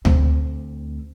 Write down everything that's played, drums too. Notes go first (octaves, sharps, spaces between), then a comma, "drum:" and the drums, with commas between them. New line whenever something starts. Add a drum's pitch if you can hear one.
D2 C4, drum: tom D2